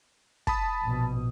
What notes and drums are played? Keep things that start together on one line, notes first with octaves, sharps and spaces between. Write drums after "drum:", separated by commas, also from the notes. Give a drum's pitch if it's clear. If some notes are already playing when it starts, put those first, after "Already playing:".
A5 B5 D#6, drum: kick
A#1 B2